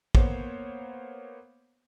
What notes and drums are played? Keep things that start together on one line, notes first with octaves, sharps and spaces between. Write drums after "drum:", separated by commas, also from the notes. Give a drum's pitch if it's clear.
A#3 B3 C5 C#5, drum: kick